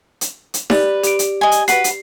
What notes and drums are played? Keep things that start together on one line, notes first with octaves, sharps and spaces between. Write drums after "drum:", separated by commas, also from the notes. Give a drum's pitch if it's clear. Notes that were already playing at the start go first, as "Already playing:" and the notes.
drum: hi-hat
drum: hi-hat
G4 B4 D5, drum: snare D#4
G4 D7, drum: hi-hat
drum: hi-hat
D#5 G#5
drum: hi-hat
F#4 B4 C7, drum: hi-hat
drum: hi-hat